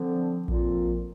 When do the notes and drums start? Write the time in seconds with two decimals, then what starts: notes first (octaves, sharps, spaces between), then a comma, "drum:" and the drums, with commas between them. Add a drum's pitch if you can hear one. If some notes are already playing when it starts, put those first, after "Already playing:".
Already playing: D3 F3 C4
0.48 A#2 F3 C4 F4, drum: kick A#1